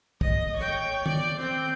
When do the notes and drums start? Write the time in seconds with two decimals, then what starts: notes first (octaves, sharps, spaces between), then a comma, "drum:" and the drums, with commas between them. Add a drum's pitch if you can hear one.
0.21 D#5, drum: kick
0.56 C#5 G5
1.06 D5, drum: tom
1.39 C4 G5